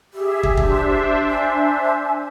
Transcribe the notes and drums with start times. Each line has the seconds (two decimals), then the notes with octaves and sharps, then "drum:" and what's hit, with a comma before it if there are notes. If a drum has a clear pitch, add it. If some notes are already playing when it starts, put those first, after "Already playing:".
0.14 G4 G#4 E5
0.43 drum: kick
0.57 D4 C5 E5, drum: kick
1.30 G#5